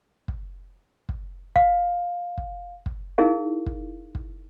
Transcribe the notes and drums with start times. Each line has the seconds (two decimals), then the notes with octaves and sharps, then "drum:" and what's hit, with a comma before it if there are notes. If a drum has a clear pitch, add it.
0.28 drum: kick
1.09 drum: kick
1.56 F5, drum: kick
2.38 drum: kick
2.86 drum: kick
3.18 D#4 E4 G#4 A#4 F5
3.66 drum: kick
4.15 drum: kick